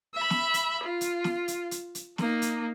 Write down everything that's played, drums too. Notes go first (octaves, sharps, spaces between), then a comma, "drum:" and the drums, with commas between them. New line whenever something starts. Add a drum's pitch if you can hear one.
E5 B5
drum: snare
drum: hi-hat
F4
drum: hi-hat
drum: snare
drum: hi-hat
drum: hi-hat
drum: hi-hat
A#3 D#4, drum: snare
drum: hi-hat